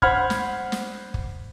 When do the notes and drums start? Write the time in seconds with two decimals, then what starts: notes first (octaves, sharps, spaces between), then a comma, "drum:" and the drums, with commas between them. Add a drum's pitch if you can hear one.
0.02 C5 F#5 B5 F6 G#6, drum: kick
0.30 drum: snare
0.72 drum: snare
1.14 drum: kick